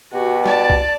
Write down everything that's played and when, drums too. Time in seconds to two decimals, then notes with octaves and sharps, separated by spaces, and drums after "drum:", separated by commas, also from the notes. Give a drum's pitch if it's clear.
0.13 B2 F#4 G4
0.46 D5 A5, drum: snare
0.70 drum: kick C2